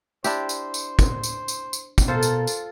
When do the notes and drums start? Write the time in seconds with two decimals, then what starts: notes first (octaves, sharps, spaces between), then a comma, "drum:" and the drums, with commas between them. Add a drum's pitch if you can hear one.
0.24 D4 E4 G4 C5, drum: tambourine
0.49 drum: tambourine
0.74 drum: tambourine
0.99 drum: kick, tambourine
1.23 drum: tambourine
1.48 drum: tambourine
1.73 drum: tambourine
1.98 drum: kick, tambourine
2.08 B2 F4 A4 A#4 C5
2.23 drum: tambourine
2.47 drum: tambourine